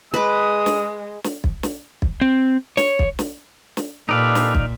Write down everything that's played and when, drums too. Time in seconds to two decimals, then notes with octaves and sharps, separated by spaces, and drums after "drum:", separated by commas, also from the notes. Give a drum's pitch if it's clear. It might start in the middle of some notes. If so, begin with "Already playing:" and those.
0.14 G#3 B4 D6 D#6
0.66 drum: snare
1.24 drum: snare
1.44 drum: kick
1.63 drum: snare
2.02 drum: kick
2.21 C4
2.77 C#5, drum: snare
2.99 drum: kick
3.19 drum: snare
3.77 drum: snare
4.09 A#2 D#4 G4 A4 B4 D5 F5
4.35 drum: snare
4.55 drum: kick